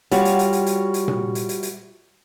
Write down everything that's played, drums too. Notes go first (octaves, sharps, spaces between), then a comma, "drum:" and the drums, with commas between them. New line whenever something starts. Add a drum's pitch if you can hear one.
G3 F4 F#4 C#5, drum: hi-hat
drum: hi-hat
drum: hi-hat
drum: hi-hat
drum: hi-hat
drum: hi-hat
drum: tom A#2
drum: hi-hat
drum: hi-hat
drum: hi-hat